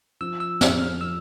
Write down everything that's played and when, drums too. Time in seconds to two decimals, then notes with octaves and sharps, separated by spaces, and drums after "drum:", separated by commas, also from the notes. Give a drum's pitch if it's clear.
0.21 F3 E6
0.40 E6
0.61 F2 F6, drum: snare
0.82 F6
1.01 F3 E6